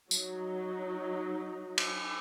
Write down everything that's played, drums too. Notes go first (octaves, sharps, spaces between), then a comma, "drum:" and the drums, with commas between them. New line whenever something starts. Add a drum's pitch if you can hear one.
F#3 D#4, drum: tambourine
drum: cymbal